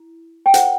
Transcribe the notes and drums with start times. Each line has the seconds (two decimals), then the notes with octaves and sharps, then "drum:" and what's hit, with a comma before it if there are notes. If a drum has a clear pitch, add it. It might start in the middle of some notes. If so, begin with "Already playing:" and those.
Already playing: E4
0.46 G5
0.54 F4 A4 C5 F#5, drum: hi-hat